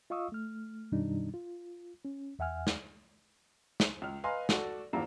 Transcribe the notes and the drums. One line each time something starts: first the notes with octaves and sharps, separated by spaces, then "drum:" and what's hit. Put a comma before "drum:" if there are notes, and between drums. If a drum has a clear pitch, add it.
F4 D#5 F5 C#6 D#6 E6
A3 F6
F#2 B2 D#3 G3 D4 D#4
F4
C#4
E2 E5 F#5 G#5 F6
drum: snare
drum: snare
C#2 F6
B4 D#5 F5 G#5 A#5 C6
F#4 A4 D5, drum: snare
E2 G2 F3 A#3